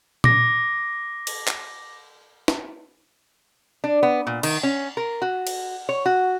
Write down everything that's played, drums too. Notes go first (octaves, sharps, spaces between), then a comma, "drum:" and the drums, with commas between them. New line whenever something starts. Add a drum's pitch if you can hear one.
D6 A#6, drum: tom
drum: cymbal
drum: clap
drum: snare
D4
B3
A#2
D#3, drum: cymbal
C#4
A#4
F#4
drum: cymbal
C#5
F#4